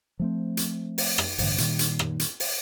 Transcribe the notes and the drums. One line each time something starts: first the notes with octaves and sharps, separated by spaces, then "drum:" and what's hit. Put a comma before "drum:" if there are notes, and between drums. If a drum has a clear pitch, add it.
F3 A3 C4
drum: hi-hat
drum: open hi-hat
drum: rim click
A1 G2 D3, drum: open hi-hat
A#2 D#3 G3, drum: hi-hat
drum: hi-hat
drum: rim click
drum: hi-hat
drum: open hi-hat